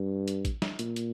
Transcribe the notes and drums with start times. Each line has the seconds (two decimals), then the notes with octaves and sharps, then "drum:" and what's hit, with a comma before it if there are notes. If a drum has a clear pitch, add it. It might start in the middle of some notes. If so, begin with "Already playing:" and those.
Already playing: G2
0.28 drum: hi-hat
0.45 drum: kick A1, hi-hat
0.62 drum: snare
0.79 A#2, drum: hi-hat
0.96 drum: hi-hat